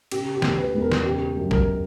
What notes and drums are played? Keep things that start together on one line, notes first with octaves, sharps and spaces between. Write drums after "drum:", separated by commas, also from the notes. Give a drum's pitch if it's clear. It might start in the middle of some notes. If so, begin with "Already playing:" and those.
C#3 G4, drum: cymbal
G4
D2, drum: snare
B4
E1
A#4
drum: snare
C#3 G4
F#2
A#4, drum: kick A#1